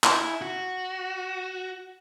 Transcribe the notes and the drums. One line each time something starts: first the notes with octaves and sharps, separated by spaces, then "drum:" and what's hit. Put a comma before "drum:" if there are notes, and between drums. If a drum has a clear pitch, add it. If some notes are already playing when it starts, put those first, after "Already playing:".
E4, drum: clap
F#4